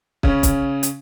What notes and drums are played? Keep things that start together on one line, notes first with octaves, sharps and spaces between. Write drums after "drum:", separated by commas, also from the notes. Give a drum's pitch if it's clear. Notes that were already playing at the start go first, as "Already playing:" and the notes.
C#3 C#4, drum: kick
drum: kick, hi-hat
drum: hi-hat